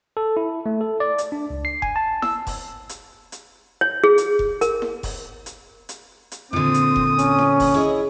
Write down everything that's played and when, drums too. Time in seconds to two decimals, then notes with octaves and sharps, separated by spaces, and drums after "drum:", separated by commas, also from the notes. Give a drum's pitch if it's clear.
0.17 A4
0.37 E4
0.66 A3
0.81 A4
1.00 D5
1.18 drum: hi-hat
1.32 D4
1.50 C#2
1.65 C7
1.82 G#5, drum: kick F1
1.96 A5
2.22 E6, drum: snare E4
2.47 drum: kick F1, open hi-hat
2.89 drum: hi-hat
3.32 drum: hi-hat
3.81 C#5
4.04 G#4
4.18 drum: hi-hat
4.39 drum: kick F1
4.61 A#4, drum: hi-hat
4.82 drum: snare E4
5.03 drum: kick F1, open hi-hat
5.46 drum: hi-hat
5.89 drum: hi-hat
6.32 drum: hi-hat
6.53 A#2 D3 C4 D#6
6.74 drum: hi-hat
6.96 drum: kick F1
7.19 C#4, drum: hi-hat
7.38 drum: snare E4
7.60 drum: kick F1, open hi-hat
7.74 E4 G#4 C#5 D#5